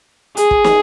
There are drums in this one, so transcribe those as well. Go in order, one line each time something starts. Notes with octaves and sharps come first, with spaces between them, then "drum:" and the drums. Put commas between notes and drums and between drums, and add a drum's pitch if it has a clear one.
G#4, drum: hi-hat
drum: kick
drum: snare